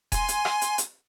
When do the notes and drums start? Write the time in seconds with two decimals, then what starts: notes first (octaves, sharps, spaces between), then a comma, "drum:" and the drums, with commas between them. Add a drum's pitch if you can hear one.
0.12 G#5 C6, drum: kick E1, hi-hat
0.28 drum: hi-hat
0.45 drum: rim click
0.61 drum: hi-hat
0.78 drum: hi-hat